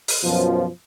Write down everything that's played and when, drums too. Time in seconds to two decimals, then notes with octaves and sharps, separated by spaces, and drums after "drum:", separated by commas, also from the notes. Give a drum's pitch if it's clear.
0.08 drum: open hi-hat
0.23 F#2 B2 F3